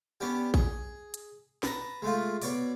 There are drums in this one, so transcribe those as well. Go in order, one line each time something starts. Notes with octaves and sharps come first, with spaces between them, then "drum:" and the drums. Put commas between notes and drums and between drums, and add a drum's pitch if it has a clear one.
B3 C#4 D4 G4
G#4, drum: kick
drum: hi-hat
B4 A5 A#5, drum: snare
G#3 A3 F4
B2 C#5 D5 D6, drum: open hi-hat